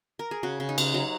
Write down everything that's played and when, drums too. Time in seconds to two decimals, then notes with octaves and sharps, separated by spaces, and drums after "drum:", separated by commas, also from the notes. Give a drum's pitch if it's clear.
0.19 A#4
0.31 G#4
0.43 C#3 F#4
0.60 C#3
0.69 D#4
0.78 C#3, drum: cymbal
0.94 F#3 D#4